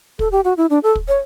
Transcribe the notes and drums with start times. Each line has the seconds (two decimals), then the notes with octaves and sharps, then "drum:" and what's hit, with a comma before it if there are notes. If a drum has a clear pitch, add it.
0.19 A4, drum: kick
0.32 G4
0.44 F#4
0.57 E4
0.70 D4
0.83 A4
0.95 drum: kick
1.08 C#5